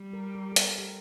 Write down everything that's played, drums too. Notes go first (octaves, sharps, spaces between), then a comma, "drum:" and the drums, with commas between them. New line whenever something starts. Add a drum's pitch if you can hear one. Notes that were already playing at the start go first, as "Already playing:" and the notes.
Already playing: G3
A#4
A#4
A4
A#4, drum: hi-hat
G4